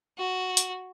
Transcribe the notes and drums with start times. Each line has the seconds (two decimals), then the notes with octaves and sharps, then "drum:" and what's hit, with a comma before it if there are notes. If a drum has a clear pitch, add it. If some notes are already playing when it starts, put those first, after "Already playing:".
0.18 F#4
0.57 drum: hi-hat